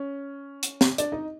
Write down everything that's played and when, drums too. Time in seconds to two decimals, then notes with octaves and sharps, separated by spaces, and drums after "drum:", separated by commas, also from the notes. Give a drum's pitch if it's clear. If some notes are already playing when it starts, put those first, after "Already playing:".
Already playing: C#4
0.63 drum: hi-hat
0.81 drum: snare
0.98 D4 D5, drum: hi-hat
1.12 D#4 D#5